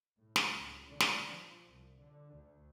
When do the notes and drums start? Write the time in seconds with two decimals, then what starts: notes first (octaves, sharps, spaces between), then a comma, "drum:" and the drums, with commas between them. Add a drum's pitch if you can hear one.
0.18 A2
0.36 drum: snare
0.52 C#2
0.88 D3
1.00 drum: snare
1.31 F3
1.68 C2
2.00 D3
2.36 D2